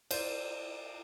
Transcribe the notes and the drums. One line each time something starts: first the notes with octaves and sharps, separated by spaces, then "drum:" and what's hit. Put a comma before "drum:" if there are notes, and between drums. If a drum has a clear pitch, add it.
C5 D5, drum: cymbal